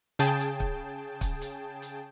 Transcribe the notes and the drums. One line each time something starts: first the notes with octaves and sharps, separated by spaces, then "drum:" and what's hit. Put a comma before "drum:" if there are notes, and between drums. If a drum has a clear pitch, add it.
C#3 G#4 G5 A5, drum: hi-hat
drum: hi-hat
drum: kick
drum: kick, hi-hat
drum: hi-hat
drum: hi-hat